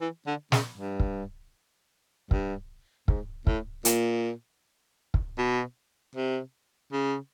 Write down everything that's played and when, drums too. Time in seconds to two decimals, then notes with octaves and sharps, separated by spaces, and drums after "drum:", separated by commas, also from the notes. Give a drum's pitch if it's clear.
0.01 E3
0.26 D3
0.52 C#3, drum: snare
0.78 G2
1.00 drum: kick
2.31 G2, drum: kick
3.08 G#2, drum: kick
3.47 A2, drum: kick
3.85 A#2, drum: hi-hat
5.14 drum: kick
5.38 B2
6.15 C3
6.93 C#3